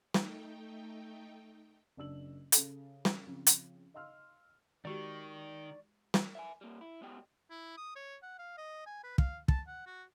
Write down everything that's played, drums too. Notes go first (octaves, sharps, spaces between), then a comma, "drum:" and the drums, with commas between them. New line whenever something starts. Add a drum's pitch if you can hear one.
A3 D#4 G5, drum: snare
F#1 D4 E6 F#7
C#3 A4, drum: hi-hat
drum: snare
C#3 F3 C4
drum: hi-hat
D#5 F5 C6 E6 F6
D#3 G#3 F#4 G4 D5 C#6
drum: snare
E5 F5 G#5
G3 A#3
E4
G#3 B3 G4 D#5 G5
E4
D#6
C#5
F#5
F5
D#5
G#5
B4
F5, drum: kick
A5, drum: kick
F#5
F#4